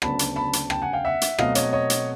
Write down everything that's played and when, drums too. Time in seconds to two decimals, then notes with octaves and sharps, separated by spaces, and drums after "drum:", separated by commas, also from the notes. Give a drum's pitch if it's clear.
0.02 D2 C#3 F#3 B3 D4 A5 B5, drum: rim click
0.19 drum: hi-hat
0.36 A5 B5
0.53 drum: hi-hat
0.70 G5 A5, drum: rim click
0.82 F#5 G#5
0.93 F5 G5
1.05 E5 F#5
1.21 drum: hi-hat
1.38 B2 F#3 A3 C4 D#5 F5, drum: rim click
1.55 C#5 D#5, drum: hi-hat
1.73 C#5 D#5
1.90 drum: hi-hat